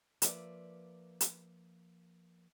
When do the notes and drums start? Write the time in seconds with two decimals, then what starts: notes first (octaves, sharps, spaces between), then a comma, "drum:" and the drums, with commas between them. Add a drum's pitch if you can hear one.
0.22 F3 A#3 B3 B4 D5 E5, drum: hi-hat
1.20 drum: hi-hat